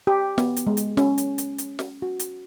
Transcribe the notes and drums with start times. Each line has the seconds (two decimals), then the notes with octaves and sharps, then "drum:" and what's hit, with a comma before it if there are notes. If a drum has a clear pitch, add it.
0.07 G4
0.38 B3, drum: snare
0.56 drum: hi-hat
0.67 G#3
0.77 drum: hi-hat
0.97 C#4, drum: snare
1.18 drum: hi-hat
1.38 drum: hi-hat
1.58 drum: hi-hat
1.79 drum: snare
2.02 F#4
2.19 drum: hi-hat